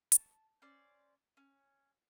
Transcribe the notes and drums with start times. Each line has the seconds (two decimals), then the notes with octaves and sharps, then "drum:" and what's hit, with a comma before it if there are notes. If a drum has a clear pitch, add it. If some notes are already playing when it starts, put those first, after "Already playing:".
0.12 A5, drum: hi-hat
0.62 C#4 C5 D5
1.37 C#4